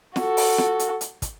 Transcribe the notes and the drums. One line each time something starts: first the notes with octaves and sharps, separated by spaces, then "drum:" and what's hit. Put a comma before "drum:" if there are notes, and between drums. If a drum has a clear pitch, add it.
F#4 A4, drum: snare
drum: open hi-hat
drum: snare
drum: hi-hat
drum: hi-hat
drum: kick, hi-hat